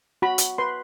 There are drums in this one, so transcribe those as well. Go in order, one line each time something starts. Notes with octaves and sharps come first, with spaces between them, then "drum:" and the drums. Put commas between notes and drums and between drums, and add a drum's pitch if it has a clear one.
F#4 B5
drum: hi-hat
B4 C6